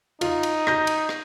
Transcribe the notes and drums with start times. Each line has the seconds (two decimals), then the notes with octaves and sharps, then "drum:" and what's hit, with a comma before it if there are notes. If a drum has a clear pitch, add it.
0.21 D#4 F4, drum: cymbal
0.43 drum: cymbal
0.67 G6 A#6, drum: rim click
0.87 drum: cymbal
1.09 drum: rim click